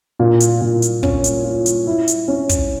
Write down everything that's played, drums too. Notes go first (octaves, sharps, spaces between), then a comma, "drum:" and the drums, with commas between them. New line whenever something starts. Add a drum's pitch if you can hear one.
A#2
drum: hi-hat
A#2
drum: hi-hat
C#4, drum: kick
drum: hi-hat
F4
drum: hi-hat
E4
drum: hi-hat
C#4
drum: kick, hi-hat